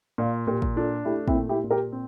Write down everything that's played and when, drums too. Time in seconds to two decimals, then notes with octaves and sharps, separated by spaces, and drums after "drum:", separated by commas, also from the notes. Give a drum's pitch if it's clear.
0.18 A#2 D5 F5
0.47 A#2 G4 A#4
0.62 drum: kick
0.76 D4 F4 A4
1.05 A3 E4 G4
1.28 C4 E4, drum: kick
1.35 A#2
1.49 E4 G4
1.64 A#2
1.71 G4 A#4
1.92 C4